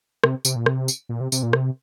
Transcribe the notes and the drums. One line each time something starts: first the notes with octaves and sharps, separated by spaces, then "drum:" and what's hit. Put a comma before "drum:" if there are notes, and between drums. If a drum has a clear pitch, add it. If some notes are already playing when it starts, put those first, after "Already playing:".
C3, drum: rim click
C3, drum: tambourine
A#2
C3, drum: rim click
drum: tambourine
A#2
C3
C3, drum: tambourine
A#2
C3, drum: rim click